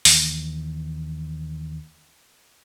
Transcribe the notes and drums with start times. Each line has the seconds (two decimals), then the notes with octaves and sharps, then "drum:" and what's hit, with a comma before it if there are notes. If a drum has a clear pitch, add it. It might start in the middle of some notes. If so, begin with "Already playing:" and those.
0.05 D#2 E3, drum: open hi-hat